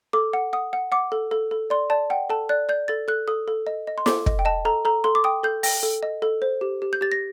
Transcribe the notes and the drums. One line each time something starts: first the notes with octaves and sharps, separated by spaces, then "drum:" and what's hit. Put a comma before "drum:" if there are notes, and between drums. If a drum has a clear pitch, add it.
A4 D6
F#5
F#5 D#6
F#5
F#5 D6
A4
A4
A4
D5 C6
D5 A5
F#5 G5
A4 A5
D5 F#6
D5 G6
A4 A6
A4 F#6
A4 D#6
A4
D#5
D#5
C6
A4 D6, drum: snare
D#5, drum: kick
G5
D#5 A5
A4 A#5
A4 A#5
A4 C6
D6
G5 D#6
A4 G6
G5 A#6, drum: open hi-hat
A4
D#5
A4
C5
G4
G4
G6
G4 A6
A#6